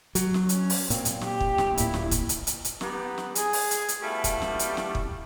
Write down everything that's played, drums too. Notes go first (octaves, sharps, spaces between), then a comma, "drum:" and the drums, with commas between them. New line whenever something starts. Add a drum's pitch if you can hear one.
F#3, drum: hi-hat
drum: snare
C#4, drum: hi-hat
drum: open hi-hat
A#2 C4, drum: hi-hat
drum: hi-hat
G4, drum: snare
drum: kick
drum: snare
D1 A#2 E4, drum: hi-hat
drum: snare
drum: kick, hi-hat
drum: hi-hat
drum: hi-hat
drum: hi-hat
B3 D#4 G4, drum: snare
drum: snare
G#4, drum: hi-hat
drum: open hi-hat
drum: hi-hat
drum: hi-hat
B2 G3 A3 E4 F4 G4
drum: kick, hi-hat
drum: snare
drum: hi-hat
drum: snare
drum: kick